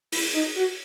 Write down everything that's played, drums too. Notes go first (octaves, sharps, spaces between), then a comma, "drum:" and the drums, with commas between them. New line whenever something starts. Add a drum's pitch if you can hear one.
E4, drum: open hi-hat
D#4
F#4